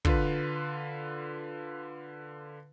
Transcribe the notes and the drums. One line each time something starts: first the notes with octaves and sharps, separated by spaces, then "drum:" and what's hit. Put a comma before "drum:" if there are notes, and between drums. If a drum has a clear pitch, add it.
D3 F4 B4, drum: kick